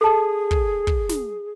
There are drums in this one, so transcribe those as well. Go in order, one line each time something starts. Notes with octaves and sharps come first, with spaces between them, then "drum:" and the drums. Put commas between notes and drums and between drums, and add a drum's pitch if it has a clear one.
G#4 A4 A5
drum: kick
drum: kick
drum: snare